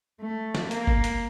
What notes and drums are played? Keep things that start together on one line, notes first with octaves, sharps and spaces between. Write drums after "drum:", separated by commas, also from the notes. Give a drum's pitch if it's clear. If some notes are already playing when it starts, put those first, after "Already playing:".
A3
drum: snare
A#3, drum: hi-hat
drum: kick G1
drum: hi-hat